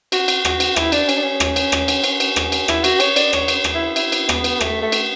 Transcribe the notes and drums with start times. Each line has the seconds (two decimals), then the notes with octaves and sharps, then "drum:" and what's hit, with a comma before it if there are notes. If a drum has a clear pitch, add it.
0.12 F#4, drum: cymbal
0.28 drum: cymbal
0.45 F#4, drum: rim click
0.60 drum: cymbal
0.76 E4, drum: rim click
0.92 D4, drum: cymbal
1.09 C#4, drum: cymbal
1.18 D4
1.24 C#4
1.40 drum: rim click
1.56 drum: cymbal
1.72 drum: rim click
1.88 drum: cymbal
2.04 C#4, drum: cymbal
2.20 drum: cymbal
2.36 drum: rim click
2.52 drum: cymbal
2.68 E4, drum: rim click
2.84 F#4, drum: cymbal
3.00 C#5, drum: cymbal
3.16 D5, drum: cymbal
3.33 C#5, drum: rim click
3.48 drum: cymbal
3.64 drum: rim click
3.75 E4
3.96 E4, drum: cymbal
4.12 drum: cymbal
4.29 B3, drum: rim click
4.44 drum: cymbal
4.60 A3, drum: rim click
4.82 A3
4.92 drum: cymbal